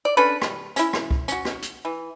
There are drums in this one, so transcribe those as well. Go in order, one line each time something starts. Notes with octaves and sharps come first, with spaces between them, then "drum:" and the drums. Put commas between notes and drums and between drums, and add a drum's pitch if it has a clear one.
D5
C#4 D4 A4 B4
G3, drum: rim click
C#4 E4, drum: hi-hat
drum: rim click
drum: kick C2
C#4 F#4, drum: hi-hat
drum: rim click
drum: hi-hat
E3